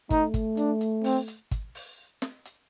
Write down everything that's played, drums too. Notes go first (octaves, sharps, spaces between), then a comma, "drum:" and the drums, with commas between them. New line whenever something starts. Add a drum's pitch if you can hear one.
A3 D#4, drum: kick, hi-hat
drum: kick, hi-hat
D4, drum: hi-hat
drum: hi-hat
C4, drum: open hi-hat
drum: hi-hat
drum: kick, hi-hat
drum: open hi-hat
drum: snare
drum: hi-hat